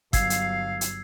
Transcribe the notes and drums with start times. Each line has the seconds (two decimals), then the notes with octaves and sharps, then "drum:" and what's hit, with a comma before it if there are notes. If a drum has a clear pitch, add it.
0.13 G1 F#3 F5 E6 G#6 C7, drum: kick G1, hi-hat
0.30 drum: hi-hat
0.81 drum: hi-hat